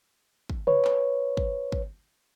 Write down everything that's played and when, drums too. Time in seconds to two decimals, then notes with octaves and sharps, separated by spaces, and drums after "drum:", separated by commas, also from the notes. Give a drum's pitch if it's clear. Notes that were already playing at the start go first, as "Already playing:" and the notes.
0.50 drum: kick
0.67 B4 C#5, drum: tom C3
0.85 drum: clap
1.37 drum: kick
1.72 drum: kick